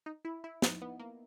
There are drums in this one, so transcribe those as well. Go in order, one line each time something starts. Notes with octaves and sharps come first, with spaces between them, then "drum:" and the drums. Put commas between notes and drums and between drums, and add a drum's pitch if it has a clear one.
D#4
E4
E4
D#4, drum: snare
B3
A#3